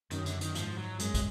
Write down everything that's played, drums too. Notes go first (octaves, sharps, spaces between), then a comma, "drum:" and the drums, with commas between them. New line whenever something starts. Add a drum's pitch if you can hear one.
F#2 D#3, drum: hi-hat
D3, drum: hi-hat
D#3, drum: hi-hat
G#2 F3, drum: hi-hat
F#3
F#2 G#3, drum: hi-hat
drum: kick, hi-hat